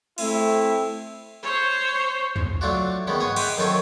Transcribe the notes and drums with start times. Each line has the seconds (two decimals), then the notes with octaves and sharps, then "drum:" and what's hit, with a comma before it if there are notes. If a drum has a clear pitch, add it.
0.18 A3 C4 E4, drum: cymbal
1.43 C5 C#5
2.36 drum: tom
2.61 F#3 A3 D4 F4 F#4
3.07 D#3 G#3 B3 C#4
3.20 G#2 B3 C#5 D#6
3.36 D#5 E5 F#5 G5 C6 D6, drum: cymbal
3.57 F#2 D#3 C4 A4 C#5